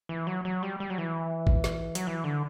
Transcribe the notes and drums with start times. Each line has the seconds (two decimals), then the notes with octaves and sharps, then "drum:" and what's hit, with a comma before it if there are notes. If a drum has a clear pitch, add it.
0.09 E3
0.27 F#3
0.45 F#3
0.63 G3
0.80 G3
0.90 F#3
0.98 E3
1.47 drum: kick
1.64 drum: snare
1.95 F#3, drum: hi-hat
2.07 E3
2.24 D3